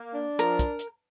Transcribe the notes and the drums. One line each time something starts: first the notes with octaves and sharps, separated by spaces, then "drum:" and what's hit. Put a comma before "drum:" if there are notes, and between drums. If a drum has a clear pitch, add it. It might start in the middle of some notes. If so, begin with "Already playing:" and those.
Already playing: A#3
D4
F3 A#4, drum: hi-hat
drum: kick, hi-hat
drum: hi-hat